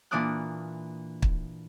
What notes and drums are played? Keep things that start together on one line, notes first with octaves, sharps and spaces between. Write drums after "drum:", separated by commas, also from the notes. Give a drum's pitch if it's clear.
A#2 E3 D4 D6 D#6 F#6
drum: kick